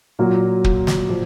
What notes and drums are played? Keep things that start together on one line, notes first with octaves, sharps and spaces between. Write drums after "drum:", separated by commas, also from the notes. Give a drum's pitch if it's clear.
A#2 F#3 A#3
drum: kick
drum: snare
A#2 F3